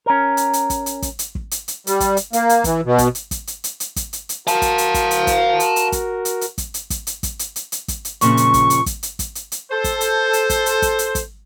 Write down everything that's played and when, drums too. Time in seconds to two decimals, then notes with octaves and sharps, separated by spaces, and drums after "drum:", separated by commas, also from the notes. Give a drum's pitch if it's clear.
0.06 C#4 A#4
0.37 drum: hi-hat
0.53 drum: hi-hat
0.70 drum: kick, hi-hat
0.86 drum: hi-hat
1.02 drum: kick, hi-hat
1.19 drum: hi-hat
1.35 drum: kick
1.51 drum: hi-hat
1.68 drum: hi-hat
1.87 G3, drum: hi-hat
2.00 drum: kick, hi-hat
2.17 drum: hi-hat
2.33 A#3, drum: hi-hat
2.49 drum: hi-hat
2.64 E3, drum: kick, hi-hat
2.85 B2
2.98 drum: kick, hi-hat
3.15 drum: hi-hat
3.31 drum: kick, hi-hat
3.47 drum: hi-hat
3.64 drum: hi-hat
3.80 drum: hi-hat
3.96 drum: kick, hi-hat
4.13 drum: hi-hat
4.29 drum: hi-hat
4.47 F#4 A#4 F5 A5, drum: hi-hat
4.62 drum: kick, hi-hat
4.78 drum: hi-hat
4.94 drum: kick, hi-hat
5.11 drum: hi-hat
5.27 drum: kick, hi-hat
5.60 drum: hi-hat
5.76 drum: hi-hat
5.92 drum: kick, hi-hat
6.25 drum: hi-hat
6.41 drum: hi-hat
6.58 drum: kick, hi-hat
6.74 drum: hi-hat
6.90 drum: kick, hi-hat
7.07 drum: hi-hat
7.23 drum: kick, hi-hat
7.39 drum: hi-hat
7.56 drum: hi-hat
7.72 drum: hi-hat
7.88 drum: kick, hi-hat
8.05 drum: hi-hat
8.21 F2 A#2 C#3 C#6, drum: hi-hat
8.37 drum: hi-hat
8.54 drum: kick, hi-hat
8.70 drum: hi-hat
8.86 drum: kick, hi-hat
9.03 drum: hi-hat
9.19 drum: kick, hi-hat
9.35 drum: hi-hat
9.52 drum: hi-hat
9.71 A4 C5
9.84 drum: kick, hi-hat
10.01 drum: hi-hat
10.33 drum: hi-hat
10.50 drum: kick, hi-hat
10.66 drum: hi-hat
10.82 drum: kick, hi-hat
10.99 drum: hi-hat
11.15 drum: kick, hi-hat